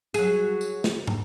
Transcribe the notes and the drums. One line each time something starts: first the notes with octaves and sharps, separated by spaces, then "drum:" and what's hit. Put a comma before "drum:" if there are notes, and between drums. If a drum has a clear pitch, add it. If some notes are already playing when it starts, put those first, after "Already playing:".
F#3 G#4, drum: tambourine
drum: tambourine
drum: snare
drum: tom